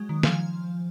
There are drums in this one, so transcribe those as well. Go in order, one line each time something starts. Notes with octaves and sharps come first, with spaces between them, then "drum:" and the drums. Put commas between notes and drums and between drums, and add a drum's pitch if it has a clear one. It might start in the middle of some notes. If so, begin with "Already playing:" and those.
Already playing: F#3 G#3
D#3
F3 F5 G#5, drum: snare